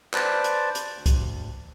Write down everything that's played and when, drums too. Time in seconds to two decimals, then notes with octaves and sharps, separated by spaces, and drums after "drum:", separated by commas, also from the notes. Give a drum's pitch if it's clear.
0.14 B4 C5 D5 A5, drum: clap
0.44 drum: hi-hat
0.75 drum: hi-hat
0.94 D2
1.06 drum: kick C2, hi-hat